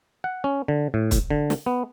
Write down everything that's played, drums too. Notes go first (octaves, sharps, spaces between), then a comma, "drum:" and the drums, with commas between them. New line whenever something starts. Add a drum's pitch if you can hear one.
F#5
C#4
D3
A2
drum: kick, hi-hat
D3
drum: snare
B3